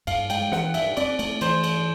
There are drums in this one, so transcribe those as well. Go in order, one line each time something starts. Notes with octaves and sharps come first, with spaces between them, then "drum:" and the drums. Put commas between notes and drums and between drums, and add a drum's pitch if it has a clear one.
G2 F5, drum: cymbal
G#3 G5, drum: cymbal
E3 F#5, drum: snare
G2 E5, drum: cymbal
C4 D5, drum: cymbal
A3, drum: cymbal
E3 C5, drum: cymbal
G2, drum: cymbal